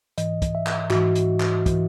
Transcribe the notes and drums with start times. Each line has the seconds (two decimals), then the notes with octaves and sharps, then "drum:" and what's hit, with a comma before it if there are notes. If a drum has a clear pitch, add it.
0.18 G#2 E3 D#5, drum: hi-hat
0.42 drum: kick, hi-hat
0.55 E5
0.66 drum: clap
0.90 G#2 E3 F#4, drum: clap
1.15 drum: hi-hat
1.40 drum: clap
1.66 E3, drum: kick, hi-hat